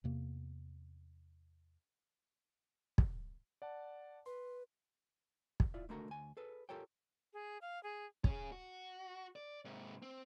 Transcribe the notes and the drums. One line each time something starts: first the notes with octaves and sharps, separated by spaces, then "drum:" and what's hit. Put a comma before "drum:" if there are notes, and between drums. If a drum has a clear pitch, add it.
E2 C3 A#3
drum: kick
D5 F#5 A5
B4 C6
drum: kick
E4 F4 D5
C#2 D3 A3 F#4 A#4 A#5
D2 G#5
G#4 A4 B4
F4 G4 A4 A#4 C#5 G5
G#4
F5
G#4
C#4 G#4, drum: kick
F#4
D5
G#2 C3
C4